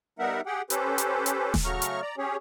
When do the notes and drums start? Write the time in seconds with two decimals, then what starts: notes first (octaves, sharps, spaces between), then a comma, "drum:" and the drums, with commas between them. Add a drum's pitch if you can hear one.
0.19 G3 B3 D#4 A#4 E5 F#5
0.46 G4 G#4 F#5 G5
0.70 C#4 G4 A4 B4 C5, drum: hi-hat
0.98 drum: hi-hat
1.26 drum: hi-hat
1.54 drum: snare D#1
1.64 C#3 F#3 A3 A#5 C#6 F6
1.82 drum: hi-hat
2.02 D5 A#5
2.18 C#4 G4 G#4 C#5